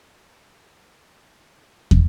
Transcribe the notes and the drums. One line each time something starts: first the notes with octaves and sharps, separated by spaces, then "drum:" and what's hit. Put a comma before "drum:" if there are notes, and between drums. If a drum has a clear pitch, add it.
E5
G5
F#5
E5
E5
drum: kick